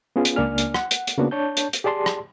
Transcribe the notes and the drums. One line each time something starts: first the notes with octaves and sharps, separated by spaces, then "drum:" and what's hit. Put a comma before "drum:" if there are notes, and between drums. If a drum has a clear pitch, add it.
B3 C#4 F4 G#4
drum: hi-hat
C#2 A#3 D4 D5 G#5 F6
drum: hi-hat
F#5, drum: rim click
drum: hi-hat
drum: hi-hat
C#3 A#3 B3 D4 F#4
D4 C#5 A5 G6
drum: hi-hat
drum: hi-hat
G4 G#4 D5 A5 C6
drum: rim click